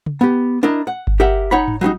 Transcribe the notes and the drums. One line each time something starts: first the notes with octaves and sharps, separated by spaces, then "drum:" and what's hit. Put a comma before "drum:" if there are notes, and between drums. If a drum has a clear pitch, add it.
drum: tom C#3
B3 G4
D4 E4 A#4 D#5
F#5
drum: kick G1
G4 A#4 E5 F#5
D#4 C#5 F#5 B5
drum: tom G#2
F#3 G3 C#4 D#4